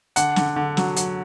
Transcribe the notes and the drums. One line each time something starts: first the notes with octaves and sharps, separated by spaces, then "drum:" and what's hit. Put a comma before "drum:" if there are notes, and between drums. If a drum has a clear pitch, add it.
D3 F#5, drum: hi-hat
D3, drum: snare
D3
F#3, drum: snare
F#3, drum: hi-hat